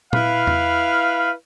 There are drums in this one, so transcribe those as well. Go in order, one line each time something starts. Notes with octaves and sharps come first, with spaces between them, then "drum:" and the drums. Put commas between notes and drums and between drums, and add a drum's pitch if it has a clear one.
E4 B4 F5, drum: tom A#2
drum: tom E2